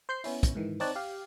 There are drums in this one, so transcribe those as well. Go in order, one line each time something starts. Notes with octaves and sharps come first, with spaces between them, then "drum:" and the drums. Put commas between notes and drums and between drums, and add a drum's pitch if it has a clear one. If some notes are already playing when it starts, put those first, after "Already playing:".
C5 G6 C7
B3 C#4 E4, drum: open hi-hat
drum: kick, hi-hat
G#2 D#3 E3
C4 D#4 C#5 D5 A5 F#6, drum: open hi-hat
G4 F5